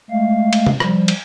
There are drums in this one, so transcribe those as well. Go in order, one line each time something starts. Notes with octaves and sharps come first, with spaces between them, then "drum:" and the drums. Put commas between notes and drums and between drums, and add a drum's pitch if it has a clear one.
G#3 A3 F5
drum: cymbal
drum: tom C3
F3 G3, drum: rim click
drum: cymbal